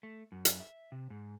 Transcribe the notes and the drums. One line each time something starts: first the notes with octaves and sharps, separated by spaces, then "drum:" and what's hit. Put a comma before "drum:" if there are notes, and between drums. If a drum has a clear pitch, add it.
A3
F#2
drum: hi-hat
E5
C3
G#2